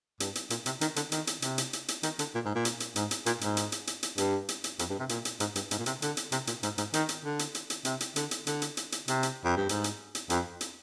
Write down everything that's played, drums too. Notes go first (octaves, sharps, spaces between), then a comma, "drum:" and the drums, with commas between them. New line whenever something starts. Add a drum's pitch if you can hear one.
G2, drum: hi-hat
drum: hi-hat
A#2, drum: hi-hat
C3, drum: hi-hat
D#3, drum: hi-hat
D3, drum: hi-hat
D#3, drum: hi-hat
drum: hi-hat
C3, drum: hi-hat
drum: hi-hat
drum: hi-hat
drum: hi-hat
D#3, drum: hi-hat
D3, drum: hi-hat
A#2
G#2
A#2
drum: hi-hat
drum: hi-hat
G#2, drum: hi-hat
drum: hi-hat
A#2, drum: hi-hat
G#2, drum: hi-hat
drum: hi-hat
drum: hi-hat
drum: hi-hat
drum: hi-hat
G2, drum: hi-hat
drum: hi-hat
drum: hi-hat
F2, drum: hi-hat
G2
C3
A#2, drum: hi-hat
drum: hi-hat
G#2, drum: hi-hat
G2, drum: hi-hat
G#2, drum: hi-hat
A#2
C3, drum: hi-hat
D3, drum: hi-hat
drum: hi-hat
C3, drum: hi-hat
A#2, drum: hi-hat
G#2, drum: hi-hat
G#2, drum: hi-hat
D#3, drum: hi-hat
drum: hi-hat
D3
drum: hi-hat
drum: hi-hat
drum: hi-hat
C3, drum: hi-hat
drum: hi-hat
D3, drum: hi-hat
drum: hi-hat
D3, drum: hi-hat
drum: hi-hat
drum: hi-hat
drum: hi-hat
C3, drum: hi-hat
drum: hi-hat
F2
G2
G#2, drum: hi-hat
drum: hi-hat
drum: hi-hat
F2, drum: hi-hat
drum: hi-hat